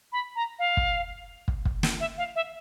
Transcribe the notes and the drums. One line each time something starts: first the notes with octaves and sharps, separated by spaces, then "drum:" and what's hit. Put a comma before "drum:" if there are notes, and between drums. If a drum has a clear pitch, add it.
B5
A#5
F5
drum: kick
drum: kick
drum: kick
drum: snare
E5
F5
E5